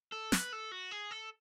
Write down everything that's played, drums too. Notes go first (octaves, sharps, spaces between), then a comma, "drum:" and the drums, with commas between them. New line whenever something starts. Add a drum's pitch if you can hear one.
A4
B4, drum: snare
A4
F#4
G#4
A4